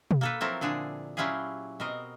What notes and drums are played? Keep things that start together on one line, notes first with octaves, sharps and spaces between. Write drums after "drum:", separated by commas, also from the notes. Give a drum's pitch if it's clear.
drum: tom B2
A#3 A4 B4
F3 F#3 C4 E4 A4 A#4
A#2 D3 D4 G#4
F#3 C#4 E4 F4 G4 G#4
B2 C4 A#4 D#5